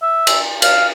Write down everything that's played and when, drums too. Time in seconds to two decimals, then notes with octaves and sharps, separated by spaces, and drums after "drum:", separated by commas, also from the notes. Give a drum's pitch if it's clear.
0.02 E5
0.27 drum: cymbal
0.62 F5, drum: cymbal